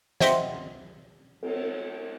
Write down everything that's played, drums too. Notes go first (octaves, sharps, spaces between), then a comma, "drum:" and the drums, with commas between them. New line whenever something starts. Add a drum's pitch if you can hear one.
C5 D#5 E5 F#5 G5 C6, drum: snare
drum: cymbal